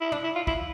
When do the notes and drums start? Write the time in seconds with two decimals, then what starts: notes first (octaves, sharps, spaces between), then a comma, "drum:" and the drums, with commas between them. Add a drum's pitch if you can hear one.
0.01 E4
0.12 D4, drum: tom
0.24 E4
0.35 F4
0.47 E4, drum: kick